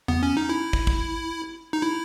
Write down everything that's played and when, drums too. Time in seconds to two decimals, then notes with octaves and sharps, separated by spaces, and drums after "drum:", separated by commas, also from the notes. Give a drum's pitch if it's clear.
0.08 B3, drum: tom E2
0.23 C#4
0.37 D#4
0.49 E4
0.73 drum: kick
0.87 drum: kick
1.73 D#4
1.82 E4